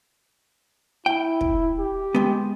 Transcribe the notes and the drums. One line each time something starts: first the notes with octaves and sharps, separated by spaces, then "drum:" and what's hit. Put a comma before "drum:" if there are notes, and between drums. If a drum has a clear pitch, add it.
E4 G5
drum: kick
G4
G#3 B3